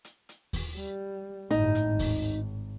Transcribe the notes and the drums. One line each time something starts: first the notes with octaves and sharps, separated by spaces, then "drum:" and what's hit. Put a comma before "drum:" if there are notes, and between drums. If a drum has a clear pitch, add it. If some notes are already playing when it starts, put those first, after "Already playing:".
drum: hi-hat
drum: hi-hat
drum: kick D#2, open hi-hat
G3
G1 A2 D#4, drum: hi-hat
drum: hi-hat
G#1
drum: kick D#2, open hi-hat